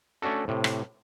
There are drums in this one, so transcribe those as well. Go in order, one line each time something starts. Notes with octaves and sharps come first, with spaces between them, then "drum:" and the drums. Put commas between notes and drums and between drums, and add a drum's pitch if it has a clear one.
A3 C#4 D4 F#4 A4
A2 C3
drum: rim click